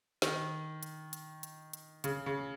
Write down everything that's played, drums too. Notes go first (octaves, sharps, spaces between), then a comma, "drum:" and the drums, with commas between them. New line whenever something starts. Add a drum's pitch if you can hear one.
D#3, drum: snare
drum: hi-hat
drum: hi-hat
drum: hi-hat
drum: hi-hat
C#3, drum: hi-hat
C#3